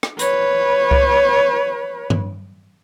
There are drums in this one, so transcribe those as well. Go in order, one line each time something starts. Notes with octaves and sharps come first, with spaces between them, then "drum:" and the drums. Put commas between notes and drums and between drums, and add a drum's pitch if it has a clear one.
drum: rim click
B4 C#5, drum: hi-hat
drum: kick C2
drum: tom G2